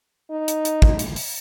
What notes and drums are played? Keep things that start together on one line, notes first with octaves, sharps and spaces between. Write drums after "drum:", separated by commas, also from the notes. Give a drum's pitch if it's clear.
D#4
drum: hi-hat
drum: hi-hat
drum: kick
drum: hi-hat
drum: open hi-hat